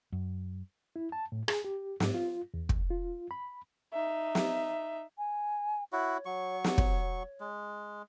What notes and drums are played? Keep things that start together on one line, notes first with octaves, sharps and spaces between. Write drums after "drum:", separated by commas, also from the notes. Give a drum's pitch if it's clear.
F#2
E4
A5
A2
G#4, drum: rim click
G4
G#2, drum: snare
F4
E2
drum: kick
F4
B5
D#4 E5
drum: snare
G#5
E4 F#4 C#5
F#3 C#6
drum: snare
drum: kick
G#3